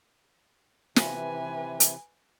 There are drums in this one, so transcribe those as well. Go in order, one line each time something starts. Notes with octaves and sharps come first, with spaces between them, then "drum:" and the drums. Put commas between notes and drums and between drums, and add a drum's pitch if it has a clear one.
C3 E3 B4 G#5, drum: snare
drum: hi-hat